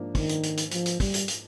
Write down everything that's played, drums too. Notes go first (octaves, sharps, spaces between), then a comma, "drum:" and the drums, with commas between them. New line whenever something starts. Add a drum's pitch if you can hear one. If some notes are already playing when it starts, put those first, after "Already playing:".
Already playing: G#2 F3 A#3 D4
D#3, drum: kick, open hi-hat
drum: hi-hat
drum: hi-hat
drum: hi-hat
F3, drum: hi-hat
drum: hi-hat
G3, drum: kick, open hi-hat
drum: hi-hat
drum: hi-hat